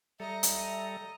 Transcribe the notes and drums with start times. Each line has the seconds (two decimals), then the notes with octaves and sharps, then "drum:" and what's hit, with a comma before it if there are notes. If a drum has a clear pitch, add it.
0.20 G3 A4 D#5 E5 A#5
0.43 drum: hi-hat